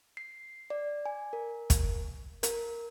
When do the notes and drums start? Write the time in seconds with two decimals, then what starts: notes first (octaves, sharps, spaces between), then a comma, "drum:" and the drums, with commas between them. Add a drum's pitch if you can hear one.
0.17 C7
0.70 D5
1.06 G#5
1.33 A#4
1.70 drum: kick, hi-hat
2.43 A#4, drum: hi-hat